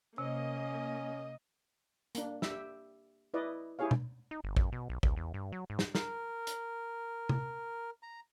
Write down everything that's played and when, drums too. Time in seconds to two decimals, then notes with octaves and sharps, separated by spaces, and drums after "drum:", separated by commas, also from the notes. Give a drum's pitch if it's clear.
0.18 C3 A#3 C#4 D#5
2.15 A#3 D4, drum: hi-hat
2.42 G4 E5, drum: snare
3.34 E4 B4 D5 D#5
3.79 E4 G4 G#4 C#5 F5
3.91 drum: tom
4.31 D#4
4.44 G1
4.57 F#2, drum: kick A1
4.72 B2
4.90 B1
5.03 D2, drum: kick A1
5.16 E2
5.34 G2
5.52 F#3
5.70 G#2
5.79 drum: snare
5.95 A#4, drum: snare
6.47 drum: hi-hat
7.29 drum: tom
8.03 A#5